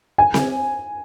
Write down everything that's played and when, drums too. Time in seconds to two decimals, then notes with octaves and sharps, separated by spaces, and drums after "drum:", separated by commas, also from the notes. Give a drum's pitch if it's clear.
0.18 G#5
0.34 drum: snare C4